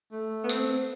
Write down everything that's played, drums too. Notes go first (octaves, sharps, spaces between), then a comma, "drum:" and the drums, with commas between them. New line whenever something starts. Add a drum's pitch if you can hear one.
A3
B3
C4, drum: tambourine